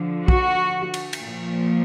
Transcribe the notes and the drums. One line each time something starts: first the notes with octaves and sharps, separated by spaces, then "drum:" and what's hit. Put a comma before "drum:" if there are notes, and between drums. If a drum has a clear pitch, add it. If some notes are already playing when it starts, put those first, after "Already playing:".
Already playing: D3 F3
F#4, drum: kick
drum: cymbal
drum: cymbal
A#2 F3